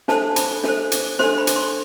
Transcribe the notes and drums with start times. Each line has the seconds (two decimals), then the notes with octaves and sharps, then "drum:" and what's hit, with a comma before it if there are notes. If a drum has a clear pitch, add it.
0.08 D4 A4 C5 A5, drum: snare
0.36 B5, drum: hi-hat
0.64 D4 A4 C5, drum: snare
0.92 drum: hi-hat
1.19 D4 A4 C5 C6, drum: snare
1.38 B5
1.47 drum: hi-hat
1.56 C6